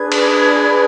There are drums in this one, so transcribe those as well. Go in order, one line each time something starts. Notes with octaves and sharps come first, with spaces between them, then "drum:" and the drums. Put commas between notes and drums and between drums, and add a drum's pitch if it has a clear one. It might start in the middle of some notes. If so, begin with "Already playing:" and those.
Already playing: D4 G#4 B4 G#6
drum: cymbal